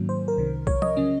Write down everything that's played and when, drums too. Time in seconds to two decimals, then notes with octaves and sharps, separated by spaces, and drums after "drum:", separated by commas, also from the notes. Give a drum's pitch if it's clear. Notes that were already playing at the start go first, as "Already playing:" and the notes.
Already playing: G#2 D#3 F#3 A#3 C#4
0.09 C5
0.28 A#4
0.37 C2 C3 D#3
0.67 C#5, drum: kick
0.82 D#5, drum: tom F3
0.96 C#3 F#3 C#4